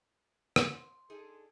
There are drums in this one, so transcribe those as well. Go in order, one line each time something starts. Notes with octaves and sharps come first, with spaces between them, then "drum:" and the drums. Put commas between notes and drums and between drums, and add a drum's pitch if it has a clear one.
drum: rim click
C6
D4 D#4 G#4 A4